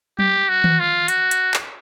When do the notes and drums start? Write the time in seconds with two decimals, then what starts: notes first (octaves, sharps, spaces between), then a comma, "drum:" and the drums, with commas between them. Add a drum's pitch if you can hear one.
0.19 G4, drum: tom F#3
0.49 F#4
0.64 drum: tom D#3
0.80 F4
1.08 F#4, drum: hi-hat
1.31 drum: hi-hat
1.54 drum: clap